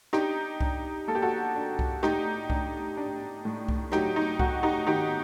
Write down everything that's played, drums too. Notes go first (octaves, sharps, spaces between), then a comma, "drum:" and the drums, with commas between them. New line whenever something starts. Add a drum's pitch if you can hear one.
D4 D#4 G4, drum: rim click
D4, drum: kick C2
A#3 A4
G4
F#4 A4
D4
drum: kick C2
A2 D#4 G4, drum: rim click
D4, drum: kick C2
D4
A2
drum: kick C2
F#3 D#4 G4, drum: rim click
D#4
A3 F#4, drum: kick C2
D#4 G4
D#3 D#4 G4